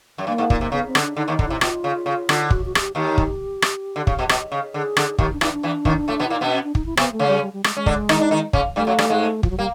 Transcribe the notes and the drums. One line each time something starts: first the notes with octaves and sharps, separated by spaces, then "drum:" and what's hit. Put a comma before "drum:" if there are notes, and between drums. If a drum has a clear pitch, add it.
F#2
G2 A#3
G#2
A#2, drum: kick
C3
C#3 B3
C4
D3, drum: rim click
D4
D3 D#4
D#2 D#3
D#4
D3, drum: kick
C3 E4
B2 F4, drum: rim click
C#3
C#3
D3, drum: rim click
F#4, drum: kick
F#4
G#4, drum: rim click
G4
D#2 D#3 G4
drum: kick
drum: rim click
D3
C#3, drum: kick
B2
B2, drum: rim click
C#3
D3 G#4
D3, drum: rim click
D#2 D#3 G4, drum: kick
D4
E2 E3 D#4, drum: rim click
D4
E2 E3
D#2 D#3, drum: kick
A2 A3
B2 B3
A#2 A#3 E4
D#4
B2 B3 D4
C#4
D4
D#4, drum: kick
E4
C3 B3 C4, drum: rim click
A3
C#3 C#4
G3
G3
G3
G#3, drum: rim click
G#3 C#4
D3 D4, drum: kick
D#3 D#4, drum: rim click
D4
D#3 D#4
C#3 C#4, drum: kick
G2 G3 A3
F#2 F#3
G2 G3, drum: rim click
G#2 G#3
F3, drum: kick
F#3
G3 A#3